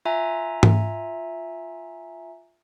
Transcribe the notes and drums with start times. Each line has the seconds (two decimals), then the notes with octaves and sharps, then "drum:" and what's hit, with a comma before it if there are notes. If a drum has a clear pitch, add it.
0.05 F4 E5 G#5 A#5
0.63 drum: tom G#2